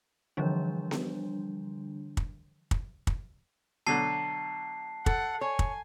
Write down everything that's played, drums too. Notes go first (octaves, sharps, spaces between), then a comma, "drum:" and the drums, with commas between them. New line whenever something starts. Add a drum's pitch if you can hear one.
D3 E3 F3 G3 D4
drum: snare B3
drum: kick
drum: kick
drum: kick
B2 D3 F#3 A5 C7
A4 F#5, drum: kick
C#5 G#5
drum: kick